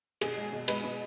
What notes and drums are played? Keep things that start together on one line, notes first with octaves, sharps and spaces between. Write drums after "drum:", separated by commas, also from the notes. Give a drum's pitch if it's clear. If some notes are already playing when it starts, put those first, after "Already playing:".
B2 G#4, drum: cymbal
G#3
B2
G#3 B4, drum: cymbal
B2